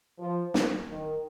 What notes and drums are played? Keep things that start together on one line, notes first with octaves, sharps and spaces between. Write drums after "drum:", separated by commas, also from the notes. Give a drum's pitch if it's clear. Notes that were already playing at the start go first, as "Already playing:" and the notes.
F3
drum: snare
D#3